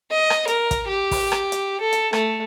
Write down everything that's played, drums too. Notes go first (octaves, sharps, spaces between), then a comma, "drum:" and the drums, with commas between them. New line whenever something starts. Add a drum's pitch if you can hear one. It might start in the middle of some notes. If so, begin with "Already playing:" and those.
D#5
drum: rim click
A#4, drum: hi-hat
drum: kick, hi-hat
G4
drum: kick, open hi-hat
drum: rim click
drum: hi-hat
A4
drum: hi-hat
A3, drum: rim click